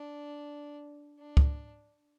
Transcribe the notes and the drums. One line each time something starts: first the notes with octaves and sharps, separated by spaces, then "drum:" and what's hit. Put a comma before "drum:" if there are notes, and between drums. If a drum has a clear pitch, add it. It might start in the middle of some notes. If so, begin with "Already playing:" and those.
Already playing: D4
D4
drum: kick